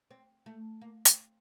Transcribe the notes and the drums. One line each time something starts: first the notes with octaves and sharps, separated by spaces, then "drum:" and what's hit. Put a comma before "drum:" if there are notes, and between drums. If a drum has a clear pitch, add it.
C4
A3
A#3
C4, drum: hi-hat